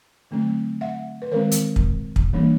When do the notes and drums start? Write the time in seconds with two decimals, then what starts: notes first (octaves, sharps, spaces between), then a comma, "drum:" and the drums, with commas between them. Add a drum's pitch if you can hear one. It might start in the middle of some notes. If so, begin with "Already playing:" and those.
0.31 D3 F#3 A3 C4
0.81 E5 F#5
1.22 B4
1.32 D#3 G#3 C4 A#4 C5
1.51 drum: hi-hat
1.76 drum: kick
2.16 drum: kick
2.33 E3 G3 A#3 D4